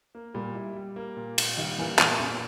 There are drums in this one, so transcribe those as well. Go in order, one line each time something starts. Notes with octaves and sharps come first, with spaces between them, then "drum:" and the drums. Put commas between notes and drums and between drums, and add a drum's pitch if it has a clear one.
A#3
A#2 G3
E4
G3
A#3
A#2
A#2, drum: cymbal
D#3 G3
E3 A#3
A#2 E3, drum: clap
A#2 C#4